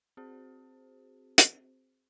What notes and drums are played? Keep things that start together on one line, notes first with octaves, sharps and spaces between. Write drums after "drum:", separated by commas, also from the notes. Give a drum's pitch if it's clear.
C4 F#4 G#4 C5
drum: hi-hat